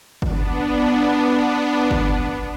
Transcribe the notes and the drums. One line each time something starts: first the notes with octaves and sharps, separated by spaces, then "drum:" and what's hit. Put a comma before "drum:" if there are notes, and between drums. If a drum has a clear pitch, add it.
B3 D4, drum: kick G1
drum: kick G1